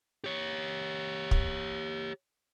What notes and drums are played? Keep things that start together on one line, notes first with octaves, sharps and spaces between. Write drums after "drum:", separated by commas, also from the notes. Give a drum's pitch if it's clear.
G4 C#5
drum: kick